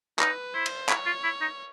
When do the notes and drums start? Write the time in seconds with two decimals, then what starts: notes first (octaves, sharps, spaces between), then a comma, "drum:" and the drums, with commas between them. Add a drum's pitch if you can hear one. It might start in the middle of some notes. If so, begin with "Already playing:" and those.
0.19 D#4 B4, drum: clap
0.54 E4 C5
0.66 drum: cymbal
0.89 E4 C#5, drum: clap
1.06 F4
1.24 E4
1.41 D#4